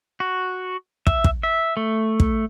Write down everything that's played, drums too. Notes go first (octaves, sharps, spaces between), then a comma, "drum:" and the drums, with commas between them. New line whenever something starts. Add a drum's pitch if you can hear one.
F#4
E5, drum: kick
drum: kick
E5
A3
drum: kick